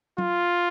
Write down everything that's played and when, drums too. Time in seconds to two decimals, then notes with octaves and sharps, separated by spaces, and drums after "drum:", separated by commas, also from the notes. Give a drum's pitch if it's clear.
0.18 F4, drum: tom